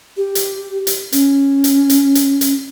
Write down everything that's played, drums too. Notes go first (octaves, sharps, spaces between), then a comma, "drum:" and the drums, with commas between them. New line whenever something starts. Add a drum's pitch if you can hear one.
G4
drum: hi-hat
drum: hi-hat
C#4, drum: hi-hat
drum: hi-hat
drum: hi-hat
drum: hi-hat
drum: hi-hat